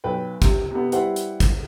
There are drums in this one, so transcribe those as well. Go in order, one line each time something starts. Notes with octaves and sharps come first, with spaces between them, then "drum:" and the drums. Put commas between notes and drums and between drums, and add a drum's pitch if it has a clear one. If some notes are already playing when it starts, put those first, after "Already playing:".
B1 B4 G5
C3, drum: kick, hi-hat
C3 B3
G3 E4 G4 B4 C5 F#5, drum: hi-hat
drum: hi-hat
drum: kick, hi-hat